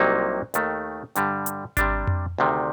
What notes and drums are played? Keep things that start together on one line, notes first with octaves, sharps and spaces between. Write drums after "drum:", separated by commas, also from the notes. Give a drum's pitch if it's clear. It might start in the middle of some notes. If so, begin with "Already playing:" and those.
Already playing: C2 C3 F#3 A#3 D#4
D#2 D#3 A3, drum: hi-hat
G2 D3 G3, drum: hi-hat
drum: hi-hat
C3 G3 D4, drum: kick G#1, hi-hat
drum: tom F2
D2 C3 D#3